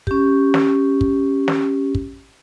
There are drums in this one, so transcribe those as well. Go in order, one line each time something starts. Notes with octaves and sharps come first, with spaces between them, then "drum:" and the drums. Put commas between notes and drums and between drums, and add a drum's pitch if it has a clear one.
C#4 G4, drum: kick
drum: snare
drum: kick
drum: snare
drum: kick